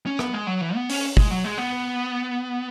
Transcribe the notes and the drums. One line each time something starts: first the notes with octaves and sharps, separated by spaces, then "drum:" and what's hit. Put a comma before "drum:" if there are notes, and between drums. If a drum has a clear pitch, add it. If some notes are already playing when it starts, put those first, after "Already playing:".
C#4
B3, drum: rim click
G#3
F#3
E3
B3
C#4, drum: open hi-hat
G#3, drum: kick
F#3
G#3
B3